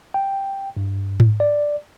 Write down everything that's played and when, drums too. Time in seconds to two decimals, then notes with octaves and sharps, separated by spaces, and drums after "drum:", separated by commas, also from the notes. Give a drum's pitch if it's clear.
0.14 G5
0.77 G2
1.20 drum: tom G#2
1.40 D5